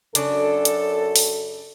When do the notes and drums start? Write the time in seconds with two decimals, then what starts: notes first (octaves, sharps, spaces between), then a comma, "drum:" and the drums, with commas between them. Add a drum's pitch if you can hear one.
0.15 F#2 C#3 D4 A4 D5, drum: hi-hat
0.65 drum: hi-hat
1.16 drum: open hi-hat